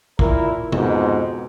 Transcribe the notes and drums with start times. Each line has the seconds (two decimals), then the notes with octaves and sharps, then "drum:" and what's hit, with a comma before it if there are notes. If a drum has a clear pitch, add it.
0.19 A#2 E4 A#4, drum: kick
0.72 F2 G#2 B2, drum: tom